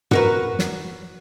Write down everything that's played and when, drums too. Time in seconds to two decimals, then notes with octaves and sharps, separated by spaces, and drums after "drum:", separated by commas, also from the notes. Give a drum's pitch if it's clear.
0.11 F#4 A#4 B4, drum: tom
0.59 drum: snare